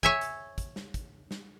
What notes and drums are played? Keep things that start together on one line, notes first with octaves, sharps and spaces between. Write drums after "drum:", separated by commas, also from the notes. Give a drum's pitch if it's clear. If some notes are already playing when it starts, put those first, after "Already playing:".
C#5 E5 G#5, drum: kick
drum: hi-hat
drum: kick, hi-hat
drum: snare
drum: kick, hi-hat
drum: snare